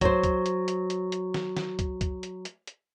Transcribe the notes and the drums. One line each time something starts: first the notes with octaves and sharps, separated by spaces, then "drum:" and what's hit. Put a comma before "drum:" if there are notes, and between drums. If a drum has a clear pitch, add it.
F#3 C5, drum: kick, hi-hat
drum: kick, hi-hat
drum: hi-hat
drum: hi-hat
drum: hi-hat
drum: hi-hat
drum: snare
drum: snare
drum: kick, hi-hat
drum: kick, hi-hat
drum: hi-hat
drum: hi-hat
drum: hi-hat